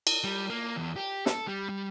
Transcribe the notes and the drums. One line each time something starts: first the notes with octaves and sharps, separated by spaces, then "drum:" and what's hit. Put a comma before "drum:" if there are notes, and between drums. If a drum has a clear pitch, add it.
drum: cymbal
G3
A#3
E2
G4
A4, drum: snare
G3
G3